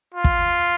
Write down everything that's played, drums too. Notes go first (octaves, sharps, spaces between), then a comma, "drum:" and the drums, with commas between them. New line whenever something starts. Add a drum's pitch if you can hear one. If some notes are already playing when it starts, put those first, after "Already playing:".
F4
drum: kick